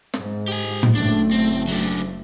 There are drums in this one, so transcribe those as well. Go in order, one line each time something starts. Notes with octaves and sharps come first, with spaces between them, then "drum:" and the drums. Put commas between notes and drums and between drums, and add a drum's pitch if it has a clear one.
G#2, drum: snare
G4 G#5
drum: tom A2
F#1 A2 A3 D4
C4
F#3 D4